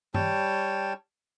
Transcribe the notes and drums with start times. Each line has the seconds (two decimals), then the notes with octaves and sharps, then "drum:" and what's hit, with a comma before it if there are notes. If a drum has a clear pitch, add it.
0.14 G3 C#5 G5 A5, drum: tom G2